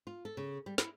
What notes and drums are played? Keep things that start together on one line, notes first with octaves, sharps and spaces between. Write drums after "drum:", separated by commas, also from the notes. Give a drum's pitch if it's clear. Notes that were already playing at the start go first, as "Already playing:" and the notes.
F4
A4
C#3
G3
E4, drum: snare